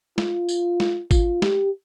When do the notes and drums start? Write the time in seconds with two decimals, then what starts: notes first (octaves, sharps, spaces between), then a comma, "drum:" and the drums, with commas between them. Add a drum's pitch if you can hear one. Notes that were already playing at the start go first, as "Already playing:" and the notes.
0.18 F4, drum: snare
0.49 drum: tambourine
0.80 drum: snare
1.11 F4, drum: kick G#1, tambourine
1.42 G4, drum: snare